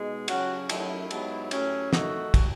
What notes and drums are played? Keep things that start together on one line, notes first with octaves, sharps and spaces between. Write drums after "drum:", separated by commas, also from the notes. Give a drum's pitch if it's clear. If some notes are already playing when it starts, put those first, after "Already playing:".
Already playing: B2 G#3 D#4
C#3 F#3 C#4 F#4, drum: cymbal
F#2 D#3 F#3 A3 E4, drum: cymbal
G#2 F#3 B3, drum: cymbal
A2 F#3 C#4, drum: cymbal
D#3 A3 D#4 F#4, drum: snare
drum: kick, cymbal